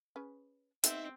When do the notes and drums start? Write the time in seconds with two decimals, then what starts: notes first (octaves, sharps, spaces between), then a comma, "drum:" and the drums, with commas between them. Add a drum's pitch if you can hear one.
0.16 C#4 G#4 B4
0.84 A3 B3 C4 D#4 G4 E5, drum: hi-hat